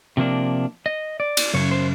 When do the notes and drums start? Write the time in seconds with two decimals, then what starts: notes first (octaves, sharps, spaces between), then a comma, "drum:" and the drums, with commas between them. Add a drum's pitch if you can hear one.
0.17 C3 F3 A#3 D4
0.86 D#5
1.20 D5
1.37 drum: cymbal
1.54 F#2 C#3 C#5
1.71 C5